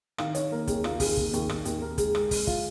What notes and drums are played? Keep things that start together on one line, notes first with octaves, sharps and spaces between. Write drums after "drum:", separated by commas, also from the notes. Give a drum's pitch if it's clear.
D#3 F5, drum: rim click
D#3 C#5, drum: hi-hat
A#3 A#4
D#2 G#4, drum: kick, hi-hat
A#3 F4, drum: rim click
D#2 G#4, drum: kick, open hi-hat
A#3, drum: kick
D#2, drum: hi-hat
D#2, drum: rim click
D#2, drum: hi-hat
D#2 A#4
G#3 G#4, drum: kick, hi-hat
G#3, drum: rim click
G#3, drum: kick, open hi-hat
F4, drum: kick